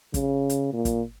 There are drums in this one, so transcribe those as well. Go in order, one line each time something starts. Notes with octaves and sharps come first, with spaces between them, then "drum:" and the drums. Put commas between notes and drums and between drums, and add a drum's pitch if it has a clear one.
C#3, drum: kick, hi-hat
drum: hi-hat
A#2
drum: kick, hi-hat